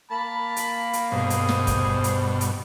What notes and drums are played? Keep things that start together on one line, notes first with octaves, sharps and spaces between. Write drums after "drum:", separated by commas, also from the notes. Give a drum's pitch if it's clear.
A#3 A5 B5
drum: hi-hat
drum: hi-hat
G2 B2 G#4 C5
drum: hi-hat
drum: snare
drum: kick, hi-hat
drum: hi-hat
drum: hi-hat